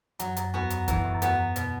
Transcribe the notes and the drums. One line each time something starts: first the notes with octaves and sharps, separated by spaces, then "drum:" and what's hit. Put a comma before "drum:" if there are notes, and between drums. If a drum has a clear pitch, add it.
F#2 F#3, drum: hi-hat
F#2, drum: hi-hat
E2 B3 F#4
F#2, drum: hi-hat
F#2 E3, drum: kick E1, hi-hat
A2
F#2
E2 B3 F#4 B4, drum: hi-hat
F#2
B2, drum: hi-hat